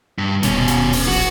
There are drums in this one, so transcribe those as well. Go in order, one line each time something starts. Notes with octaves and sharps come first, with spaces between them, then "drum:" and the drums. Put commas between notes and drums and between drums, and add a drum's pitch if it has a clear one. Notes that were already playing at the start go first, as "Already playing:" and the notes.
G2
D#1 B2 C#4, drum: hi-hat
drum: hi-hat
drum: open hi-hat
A#1 F#4